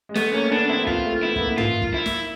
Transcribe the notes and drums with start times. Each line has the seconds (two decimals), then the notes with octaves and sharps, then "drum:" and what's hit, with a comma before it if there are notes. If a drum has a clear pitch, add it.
0.09 G#3
0.15 A3 B3, drum: snare
0.34 A#3 C#4
0.51 B3 D4
0.69 C4 E4
0.87 F4, drum: kick
1.05 A3
1.22 B3 E4
1.36 B3, drum: kick
1.40 A#3
1.50 B3
1.58 A#3 F4, drum: tom
1.82 drum: kick
1.94 E4
2.06 drum: snare